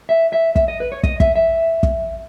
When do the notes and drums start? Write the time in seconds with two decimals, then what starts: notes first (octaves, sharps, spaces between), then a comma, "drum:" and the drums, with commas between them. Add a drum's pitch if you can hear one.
0.09 E5
0.33 E5
0.56 E5, drum: kick
0.68 D#5
0.80 B4
0.92 C#5
1.03 D#5, drum: kick
1.20 E5, drum: kick
1.36 E5
1.83 drum: kick